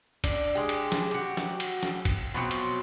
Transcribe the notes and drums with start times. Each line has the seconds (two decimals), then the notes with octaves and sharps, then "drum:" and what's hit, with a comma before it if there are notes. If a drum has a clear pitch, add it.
0.24 D4, drum: kick, cymbal
0.55 G#3 G4
0.69 drum: cymbal
0.92 drum: snare
1.11 F#4 G4
1.37 drum: snare
1.60 drum: cymbal
1.83 drum: snare
2.05 drum: kick, cymbal
2.34 B2 F3 F#3 C4
2.51 drum: cymbal